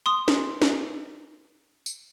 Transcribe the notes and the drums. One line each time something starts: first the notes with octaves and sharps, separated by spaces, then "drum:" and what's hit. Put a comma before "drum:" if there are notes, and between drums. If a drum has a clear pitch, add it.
C6 D#6
drum: snare
drum: snare
drum: tambourine